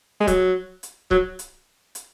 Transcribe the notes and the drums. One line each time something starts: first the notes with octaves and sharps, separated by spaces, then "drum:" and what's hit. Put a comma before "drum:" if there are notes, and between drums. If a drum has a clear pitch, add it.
G#3
F#3, drum: kick C#1, hi-hat
drum: hi-hat
F#3, drum: kick C#1
drum: hi-hat
drum: hi-hat